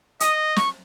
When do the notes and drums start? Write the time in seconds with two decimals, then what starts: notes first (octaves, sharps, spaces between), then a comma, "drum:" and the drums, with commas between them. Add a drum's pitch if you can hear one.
0.20 D#5 D#6, drum: hi-hat
0.56 C#6, drum: snare